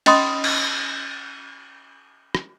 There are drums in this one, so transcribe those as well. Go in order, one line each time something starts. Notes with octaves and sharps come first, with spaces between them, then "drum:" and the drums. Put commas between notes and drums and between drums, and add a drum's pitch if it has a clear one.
C#4 D#5 B5 C6 D#6, drum: cymbal
drum: cymbal
drum: rim click